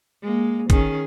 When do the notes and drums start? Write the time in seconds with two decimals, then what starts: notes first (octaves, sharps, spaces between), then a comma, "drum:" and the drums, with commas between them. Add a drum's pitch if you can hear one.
0.23 G#3 A#3
0.70 D#3 C#4 G#4, drum: kick, hi-hat